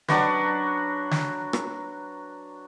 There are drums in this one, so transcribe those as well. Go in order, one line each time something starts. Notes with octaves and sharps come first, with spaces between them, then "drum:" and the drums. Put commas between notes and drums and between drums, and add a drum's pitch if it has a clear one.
F#3 D4 F#4 B4, drum: snare
drum: snare
drum: rim click